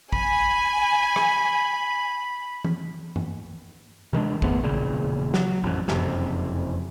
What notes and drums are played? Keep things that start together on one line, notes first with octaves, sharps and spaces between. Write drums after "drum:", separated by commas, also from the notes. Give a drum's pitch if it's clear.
G#5 B5, drum: kick
drum: rim click
drum: tom
drum: tom
C3 D#3 G#3 D4
F2 G#2 A3 B3, drum: kick
E1 A#1 A#2 C#3
F#3, drum: snare
A1 F2
F#1 F2 C3, drum: snare